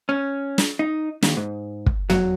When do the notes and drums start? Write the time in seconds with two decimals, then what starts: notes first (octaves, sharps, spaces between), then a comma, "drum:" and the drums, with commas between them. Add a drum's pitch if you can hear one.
0.09 C#4
0.58 drum: snare
0.79 D#4
1.23 D#2, drum: snare
1.37 G#2
1.86 drum: kick
2.10 F#3, drum: tom